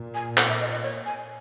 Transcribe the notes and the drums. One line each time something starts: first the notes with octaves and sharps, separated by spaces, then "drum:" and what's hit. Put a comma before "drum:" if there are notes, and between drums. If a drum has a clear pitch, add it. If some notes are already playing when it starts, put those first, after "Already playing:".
Already playing: A#2
G#5
F#5, drum: clap
E5
D#5
D#5
C#5
G#5